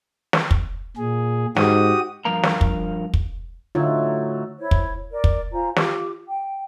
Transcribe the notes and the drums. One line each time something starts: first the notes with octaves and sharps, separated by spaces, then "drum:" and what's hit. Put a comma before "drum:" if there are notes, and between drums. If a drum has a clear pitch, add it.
drum: snare
drum: kick
A#2 G#4
G#2 F#4 G4 D#6, drum: snare
G2 F3 A#4 F5 A#5
drum: snare
drum: kick
drum: kick
A2 D3 F#3 D#4 F4
E4 C5 C#5
drum: kick
A#4 D5
drum: kick
F4 C5 G#5 A#5
F4 G4 D6, drum: snare
G5